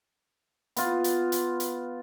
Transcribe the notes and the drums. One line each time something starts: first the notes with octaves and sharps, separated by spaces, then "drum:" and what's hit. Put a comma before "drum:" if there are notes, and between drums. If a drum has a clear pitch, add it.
B3 F4, drum: hi-hat
drum: hi-hat
drum: hi-hat
drum: hi-hat